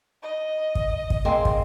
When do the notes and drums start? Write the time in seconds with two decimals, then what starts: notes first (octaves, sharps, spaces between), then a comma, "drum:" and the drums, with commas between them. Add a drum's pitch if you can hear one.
0.23 D#5
0.75 drum: kick
1.10 drum: kick
1.25 G#3 A#3 C4
1.45 drum: kick